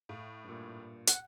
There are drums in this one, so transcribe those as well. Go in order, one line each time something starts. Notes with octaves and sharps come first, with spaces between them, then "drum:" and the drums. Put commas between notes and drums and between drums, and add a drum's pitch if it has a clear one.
A2 F5
G2 A#2
F#5, drum: hi-hat